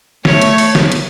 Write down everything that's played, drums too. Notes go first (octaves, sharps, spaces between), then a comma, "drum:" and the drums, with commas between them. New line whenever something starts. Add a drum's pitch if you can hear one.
A3 C#5, drum: snare
drum: hi-hat
drum: open hi-hat
drum: snare
drum: hi-hat